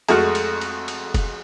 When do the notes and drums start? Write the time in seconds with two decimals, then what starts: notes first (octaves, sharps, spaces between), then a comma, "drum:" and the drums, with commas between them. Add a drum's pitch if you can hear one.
0.08 F2 G#3 A3 F#4 F6, drum: cymbal
0.35 drum: cymbal
0.61 drum: cymbal
0.88 drum: cymbal
1.14 drum: kick, cymbal